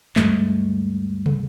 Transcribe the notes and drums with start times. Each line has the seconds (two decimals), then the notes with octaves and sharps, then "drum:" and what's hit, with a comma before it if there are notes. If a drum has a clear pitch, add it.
0.16 D2 G2 G#3 A3, drum: clap
1.26 drum: tom